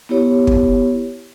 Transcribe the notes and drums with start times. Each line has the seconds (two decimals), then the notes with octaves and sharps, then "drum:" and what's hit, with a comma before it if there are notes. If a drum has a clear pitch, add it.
0.09 B3 E4 G4 C#5
0.47 drum: kick